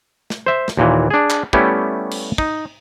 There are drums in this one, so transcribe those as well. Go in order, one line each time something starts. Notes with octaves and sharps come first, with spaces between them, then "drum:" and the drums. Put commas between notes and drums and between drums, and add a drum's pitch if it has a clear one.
drum: snare
C5 E5
drum: snare
D#2 A#2 E3
D4 G#4
drum: clap
G3 A3 B3 C#4 E4 G4, drum: kick
drum: cymbal
D#4, drum: kick